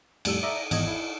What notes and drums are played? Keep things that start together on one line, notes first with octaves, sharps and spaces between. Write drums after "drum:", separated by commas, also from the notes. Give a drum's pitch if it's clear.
F2 A2 G3 E6, drum: cymbal
D5 E5 A#5 D#6
G#1 E2 D#5 G#6, drum: cymbal
E4